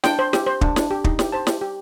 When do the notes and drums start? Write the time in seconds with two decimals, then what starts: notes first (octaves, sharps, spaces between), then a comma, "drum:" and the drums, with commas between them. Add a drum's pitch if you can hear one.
0.04 D4 G5, drum: snare
0.19 C5
0.33 G4, drum: snare
0.46 C5
0.61 D4, drum: kick
0.76 D4, drum: snare
0.91 G4
1.04 D#4, drum: kick
1.19 G4, drum: snare
1.32 C5 A5
1.47 G4, drum: snare
1.62 G4